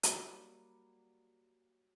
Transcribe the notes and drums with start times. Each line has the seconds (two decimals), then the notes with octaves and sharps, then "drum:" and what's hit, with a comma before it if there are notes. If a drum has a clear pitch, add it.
0.03 F#3 G3 A#3, drum: hi-hat